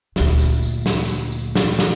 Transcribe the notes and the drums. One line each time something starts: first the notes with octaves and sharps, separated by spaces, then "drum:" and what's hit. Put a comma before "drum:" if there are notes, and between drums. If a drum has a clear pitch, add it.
D2 A#2, drum: snare
drum: tambourine
drum: tambourine
drum: snare
drum: tambourine
drum: tambourine
drum: snare
drum: snare